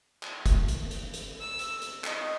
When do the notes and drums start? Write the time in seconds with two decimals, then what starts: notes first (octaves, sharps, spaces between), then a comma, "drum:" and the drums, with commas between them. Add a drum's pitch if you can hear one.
0.23 drum: clap
0.46 drum: kick, hi-hat
0.68 drum: hi-hat
0.91 drum: hi-hat
1.14 drum: hi-hat
1.40 E6
1.59 drum: hi-hat
1.82 drum: hi-hat
2.04 D#5, drum: clap